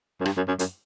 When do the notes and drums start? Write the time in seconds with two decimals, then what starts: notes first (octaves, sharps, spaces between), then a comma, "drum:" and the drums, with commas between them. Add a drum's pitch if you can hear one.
0.21 F#2
0.26 G2, drum: rim click
0.37 F#2
0.48 F#2
0.59 F#2, drum: hi-hat